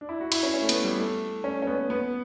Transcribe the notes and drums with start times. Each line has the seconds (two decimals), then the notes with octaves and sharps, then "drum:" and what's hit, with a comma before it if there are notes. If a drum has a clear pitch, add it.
0.01 D4
0.09 E4
0.21 F#4
0.32 E4, drum: cymbal
0.43 C#4
0.54 C#4
0.62 A3
0.69 B3, drum: hi-hat
0.84 G3
1.00 A3
1.44 C#4
1.62 C#4
1.67 B3
1.90 B3